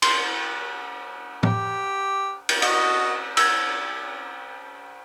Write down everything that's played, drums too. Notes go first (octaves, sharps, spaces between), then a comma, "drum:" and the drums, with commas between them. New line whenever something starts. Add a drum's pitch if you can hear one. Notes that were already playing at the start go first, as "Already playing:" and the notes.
C6, drum: cymbal
G4, drum: tom
drum: cymbal
F#4 D#5, drum: cymbal
E6 G#6, drum: cymbal